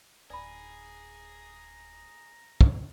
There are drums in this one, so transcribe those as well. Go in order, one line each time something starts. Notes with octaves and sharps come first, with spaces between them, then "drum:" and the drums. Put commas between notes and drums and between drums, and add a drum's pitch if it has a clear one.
D1 D#4 G#4 D5 A#5 B5
drum: kick